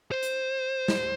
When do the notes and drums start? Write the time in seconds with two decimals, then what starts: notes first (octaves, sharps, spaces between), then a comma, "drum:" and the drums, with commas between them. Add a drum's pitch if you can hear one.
0.12 C5
0.23 drum: hi-hat
0.88 drum: snare